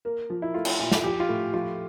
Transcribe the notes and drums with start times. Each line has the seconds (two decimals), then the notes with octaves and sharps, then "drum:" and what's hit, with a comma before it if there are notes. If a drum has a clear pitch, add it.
0.05 A#3 A#4
0.30 F3
0.42 E4
0.54 A3 F4
0.65 drum: cymbal
0.79 A#2
0.92 drum: snare
1.04 F3 G4
1.20 F4
1.29 A2
1.54 F3 F4